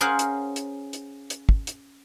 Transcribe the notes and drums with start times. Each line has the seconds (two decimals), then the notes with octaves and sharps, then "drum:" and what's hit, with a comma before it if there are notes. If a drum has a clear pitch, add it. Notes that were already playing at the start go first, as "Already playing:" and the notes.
0.01 C#4 G#4 A#4 C5 F5 F#5
0.19 drum: hi-hat
0.56 drum: hi-hat
0.93 drum: hi-hat
1.30 drum: hi-hat
1.49 drum: kick
1.67 drum: hi-hat